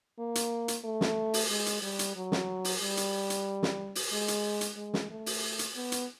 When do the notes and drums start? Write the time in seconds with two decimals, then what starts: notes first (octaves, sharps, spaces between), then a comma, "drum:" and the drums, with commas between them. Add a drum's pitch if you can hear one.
0.19 A#3
0.35 drum: hi-hat
0.68 drum: hi-hat
0.84 A3
1.01 drum: snare
1.34 drum: open hi-hat
1.49 G#3
1.66 drum: hi-hat
1.82 G3
1.99 drum: hi-hat
2.16 F#3
2.32 drum: snare
2.64 drum: open hi-hat
2.81 G3
2.97 drum: hi-hat
3.30 drum: hi-hat
3.63 drum: snare
3.95 drum: open hi-hat
4.12 G#3
4.28 drum: hi-hat
4.61 drum: hi-hat
4.77 G#3
4.94 drum: snare
5.11 A3
5.26 drum: open hi-hat
5.59 drum: hi-hat
5.76 B3
5.92 drum: hi-hat